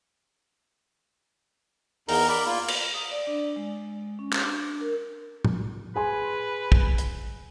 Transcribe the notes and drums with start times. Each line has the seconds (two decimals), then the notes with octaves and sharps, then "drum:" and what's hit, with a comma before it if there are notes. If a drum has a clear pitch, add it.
2.09 E2 D#4 A#4 A#5, drum: open hi-hat
2.28 A#4 D5 B5
2.47 A#3 F4
2.68 drum: cymbal
2.94 D#6
3.11 D5
3.27 D4
3.56 G#3
4.19 C#4
4.33 drum: clap
4.43 D4
4.81 A#4
5.45 drum: tom A2
5.95 G#4 B4 G#5 C6
6.72 drum: kick
6.98 drum: hi-hat